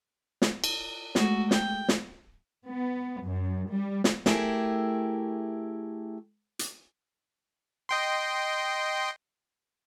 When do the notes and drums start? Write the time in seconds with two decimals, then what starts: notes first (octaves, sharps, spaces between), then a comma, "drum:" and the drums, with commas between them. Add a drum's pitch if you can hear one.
0.42 drum: snare
0.64 drum: cymbal
1.15 G#3 A3 F#4, drum: snare
1.51 G5, drum: snare
1.89 drum: snare
2.66 B3
3.23 F#2
3.71 G3
4.04 drum: snare
4.26 A3 E4 G4 G#4 A#4, drum: snare
6.59 drum: hi-hat
7.89 D#5 G5 C6